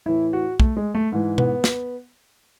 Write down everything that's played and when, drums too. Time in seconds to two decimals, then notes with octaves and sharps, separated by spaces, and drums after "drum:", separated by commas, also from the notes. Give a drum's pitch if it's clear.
0.06 A2 E3 E4
0.33 F#4
0.60 A3, drum: kick
0.77 G#3
0.95 A3
1.12 G#2 E3
1.38 B3, drum: tom B2
1.64 drum: snare